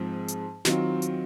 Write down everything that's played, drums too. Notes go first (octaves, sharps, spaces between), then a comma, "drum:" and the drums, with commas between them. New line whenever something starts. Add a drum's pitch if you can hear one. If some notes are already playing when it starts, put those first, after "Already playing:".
Already playing: G#2 F3 C4
drum: hi-hat
D#3 F#3 C4 F4, drum: snare
drum: hi-hat